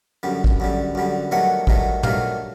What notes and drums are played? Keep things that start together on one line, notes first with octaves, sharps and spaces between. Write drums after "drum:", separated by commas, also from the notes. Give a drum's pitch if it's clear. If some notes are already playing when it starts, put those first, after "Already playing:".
F#2 D3 G3
drum: kick A1
F#2 D3 G3
F#2 D3 G3
G2 D#3 F#3 A3 F#5
G2 D#3 F#3 A3, drum: kick A1
G2 D#3 F#3 A3 F5, drum: tom